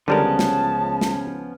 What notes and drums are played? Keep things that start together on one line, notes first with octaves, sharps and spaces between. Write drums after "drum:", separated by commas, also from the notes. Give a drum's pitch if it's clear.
C#2 D3 F3 G3 B3 C#4 A#4 A5
drum: snare
drum: snare